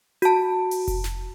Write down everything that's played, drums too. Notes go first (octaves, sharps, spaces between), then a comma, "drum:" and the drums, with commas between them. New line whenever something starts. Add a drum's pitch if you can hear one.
F#4 A5, drum: hi-hat
drum: open hi-hat
drum: kick F1, hi-hat
drum: snare